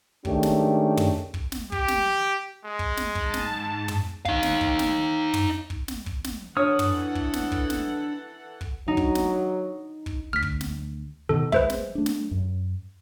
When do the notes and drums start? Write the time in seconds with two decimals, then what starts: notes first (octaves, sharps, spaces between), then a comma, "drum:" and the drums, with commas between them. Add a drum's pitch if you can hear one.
0.25 G#2 D#3 A3 C#4 D4 G4, drum: kick
0.43 drum: snare
0.97 drum: tom
1.34 drum: kick
1.52 drum: snare
1.72 G4, drum: kick
1.88 drum: snare
2.65 G#3
2.79 drum: kick
2.97 drum: snare
3.15 G#2 A5, drum: kick
3.34 drum: snare
3.88 drum: tom
4.25 D#4 F5, drum: kick
4.43 drum: snare
4.61 drum: kick
4.79 drum: snare
5.34 drum: tom
5.70 drum: kick
5.88 drum: snare
6.06 drum: kick
6.24 drum: snare
6.57 E3 D4 A4 C#5 F#5 D#6 F6
6.79 drum: tom
7.15 drum: kick
7.33 drum: snare
7.52 drum: kick
7.70 drum: snare
8.61 drum: kick
8.88 F#3 D#4
8.97 drum: kick
9.15 drum: snare
10.06 drum: kick
10.33 D2 F6 B6
10.42 drum: kick
10.61 drum: snare
11.29 B2 D#3 A4
11.52 G#3 B4 C5 E5, drum: kick
11.70 drum: snare
11.95 A3 D4
12.06 drum: snare
12.31 F#2